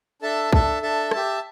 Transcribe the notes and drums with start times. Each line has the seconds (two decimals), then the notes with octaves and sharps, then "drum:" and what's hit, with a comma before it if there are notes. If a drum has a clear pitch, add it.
0.22 D4 A4 E5 A5
0.53 D4 A4 E5 A5, drum: kick B1
0.82 D4 A4 E5 A5
1.11 G4 E5 A5, drum: rim click